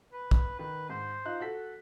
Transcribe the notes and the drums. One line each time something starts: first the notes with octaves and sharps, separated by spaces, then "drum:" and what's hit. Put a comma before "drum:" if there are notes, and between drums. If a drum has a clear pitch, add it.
B4
drum: kick
D#3 B4
G#2 C5
D#4 F4 F#6
F#4 A4 B6